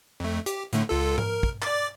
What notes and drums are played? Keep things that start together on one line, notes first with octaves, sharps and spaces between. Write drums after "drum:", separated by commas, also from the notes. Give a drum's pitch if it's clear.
F2 A3
G4, drum: hi-hat
A2 D3 A3, drum: hi-hat
C#2 F4 A4
A#4, drum: tom G#2
drum: kick
D5 D6 A6, drum: clap